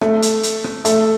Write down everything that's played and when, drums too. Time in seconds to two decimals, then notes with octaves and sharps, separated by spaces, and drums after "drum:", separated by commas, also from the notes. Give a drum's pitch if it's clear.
0.01 A3, drum: rim click
0.22 drum: hi-hat
0.43 drum: hi-hat
0.64 drum: rim click
0.85 A3, drum: hi-hat